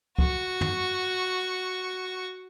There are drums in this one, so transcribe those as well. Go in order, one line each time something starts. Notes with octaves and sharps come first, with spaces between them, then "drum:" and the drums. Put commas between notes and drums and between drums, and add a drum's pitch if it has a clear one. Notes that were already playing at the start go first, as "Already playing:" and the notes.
F#4 C#6, drum: kick C#2
drum: tom